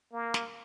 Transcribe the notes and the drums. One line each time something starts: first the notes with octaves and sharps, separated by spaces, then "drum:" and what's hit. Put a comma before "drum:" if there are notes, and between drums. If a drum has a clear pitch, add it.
A#3
drum: snare